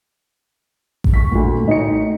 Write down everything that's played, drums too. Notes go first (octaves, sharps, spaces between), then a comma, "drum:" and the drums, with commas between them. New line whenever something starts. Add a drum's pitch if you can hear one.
drum: kick A1
C#6 B6
D2 A#2
A2 D#4 D#5 C#7